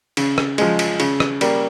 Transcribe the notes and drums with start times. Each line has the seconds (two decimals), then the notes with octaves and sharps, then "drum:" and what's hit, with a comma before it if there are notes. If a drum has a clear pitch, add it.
0.17 C#3, drum: cymbal
0.38 drum: rim click
0.58 F3 G#3, drum: cymbal
0.79 drum: cymbal
1.00 C#3, drum: cymbal
1.20 drum: rim click
1.41 G3 A#3, drum: cymbal